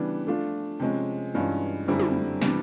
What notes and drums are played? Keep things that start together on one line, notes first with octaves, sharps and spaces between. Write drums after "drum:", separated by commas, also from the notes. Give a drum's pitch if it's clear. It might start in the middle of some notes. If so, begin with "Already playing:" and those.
Already playing: C#3 E3 G3 B3 D4
F3 A3 D4 F4
C3 F3 G#3 C#4
G2 E3 G#3 C#4 F4
F#2 D3 G3 C4 E4
drum: tom
C3 E3 G3 B3 D4, drum: snare